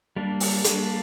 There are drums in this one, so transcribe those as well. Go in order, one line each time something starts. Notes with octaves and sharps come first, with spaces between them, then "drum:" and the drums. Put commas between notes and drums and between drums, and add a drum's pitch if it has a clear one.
G3 A#3 D4
drum: open hi-hat
G3 A#3 D4, drum: hi-hat